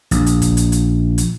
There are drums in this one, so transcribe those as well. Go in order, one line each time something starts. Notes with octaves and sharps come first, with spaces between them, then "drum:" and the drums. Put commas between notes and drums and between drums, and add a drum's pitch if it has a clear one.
A#1, drum: hi-hat
drum: hi-hat
drum: kick, hi-hat
drum: hi-hat
drum: hi-hat
drum: hi-hat